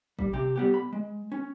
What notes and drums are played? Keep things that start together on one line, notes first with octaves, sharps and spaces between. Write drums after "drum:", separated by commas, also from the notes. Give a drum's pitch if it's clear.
G3, drum: kick
C3 G4
G3 B3 G4
B5
G#3
C#4